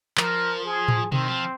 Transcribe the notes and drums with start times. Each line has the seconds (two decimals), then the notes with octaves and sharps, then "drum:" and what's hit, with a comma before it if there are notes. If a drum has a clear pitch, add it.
0.17 F3 A#4, drum: clap
0.65 G#4
0.88 drum: tom A2
1.12 D#3 C4, drum: tom B2
1.28 F3